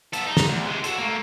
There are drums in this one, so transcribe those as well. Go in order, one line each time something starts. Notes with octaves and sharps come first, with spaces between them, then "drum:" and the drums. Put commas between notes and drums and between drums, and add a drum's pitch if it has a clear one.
B3 A4, drum: hi-hat
D#4
drum: snare
D2
C3 G#3
F#4 A4, drum: hi-hat
A3 A#3